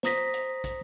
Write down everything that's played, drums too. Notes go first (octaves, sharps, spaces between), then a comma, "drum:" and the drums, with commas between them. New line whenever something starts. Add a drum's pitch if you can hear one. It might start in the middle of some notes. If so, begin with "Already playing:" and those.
C5 A#5 D#6 A#6 B6, drum: snare
drum: hi-hat
drum: kick, hi-hat